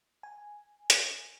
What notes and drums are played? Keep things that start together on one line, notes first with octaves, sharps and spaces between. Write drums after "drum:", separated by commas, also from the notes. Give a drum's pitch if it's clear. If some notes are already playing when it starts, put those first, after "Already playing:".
G#5
drum: hi-hat